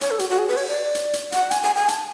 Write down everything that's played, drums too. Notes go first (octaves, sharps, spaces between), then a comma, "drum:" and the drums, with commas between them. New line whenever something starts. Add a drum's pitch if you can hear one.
C#5, drum: hi-hat
A4
F#4, drum: hi-hat
F#4
G#4
B4
C#5, drum: open hi-hat
D5
drum: hi-hat
drum: hi-hat
F#5, drum: hi-hat
G#5, drum: hi-hat
G#5
G#5
A5, drum: hi-hat